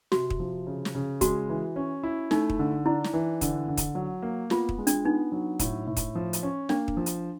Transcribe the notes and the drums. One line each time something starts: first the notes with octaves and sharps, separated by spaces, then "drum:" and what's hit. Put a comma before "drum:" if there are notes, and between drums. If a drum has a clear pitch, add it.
C3 F#4, drum: snare
drum: kick
F3
C#3
drum: snare
C#3
G#3 F#4, drum: kick, hi-hat
E3
C#4
E4
A3 D#4, drum: snare
drum: kick
D3
D4 E4
drum: snare
E3
D3, drum: kick, hi-hat
D3
drum: kick, hi-hat
F#3
A#3
B3 F4, drum: snare
drum: kick
G#3
D4, drum: hi-hat
B3 D#4
F#3
A2, drum: kick, hi-hat
A2
drum: kick, hi-hat
F3
drum: hi-hat
C#4
A#3 D4, drum: snare
drum: kick
F3
drum: hi-hat